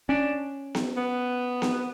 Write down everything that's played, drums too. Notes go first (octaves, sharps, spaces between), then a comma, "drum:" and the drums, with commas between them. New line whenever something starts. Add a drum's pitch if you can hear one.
C#4 D4
drum: snare B3
B3
drum: snare B3